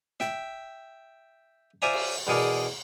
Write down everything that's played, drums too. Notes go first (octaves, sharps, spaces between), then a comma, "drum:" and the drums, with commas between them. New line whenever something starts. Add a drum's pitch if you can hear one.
E5 G5, drum: snare
F4 C5 D5 E5 G#5 A#5
drum: cymbal
E2 B2 G#4 A#4 D5